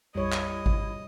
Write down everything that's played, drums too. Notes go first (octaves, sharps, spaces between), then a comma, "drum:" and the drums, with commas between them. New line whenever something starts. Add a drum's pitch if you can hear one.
A#1 F2 G3 E4 C#5 D#5
drum: clap
drum: kick G#1